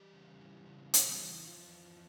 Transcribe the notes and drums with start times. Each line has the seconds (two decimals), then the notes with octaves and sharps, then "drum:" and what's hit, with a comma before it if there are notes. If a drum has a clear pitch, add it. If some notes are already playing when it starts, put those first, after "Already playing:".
Already playing: E3 G3 G4
0.13 C#3
0.40 E3
0.66 C#3
0.94 E2, drum: hi-hat
1.20 E3
1.47 E2 F3 F4
1.73 E3